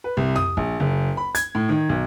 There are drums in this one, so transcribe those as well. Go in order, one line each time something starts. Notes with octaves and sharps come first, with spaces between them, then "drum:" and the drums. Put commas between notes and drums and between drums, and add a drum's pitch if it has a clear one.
B4
C2
D#6, drum: tom F2
A#1, drum: kick
F#1
B5
G#6, drum: hi-hat
A2
D#3
B1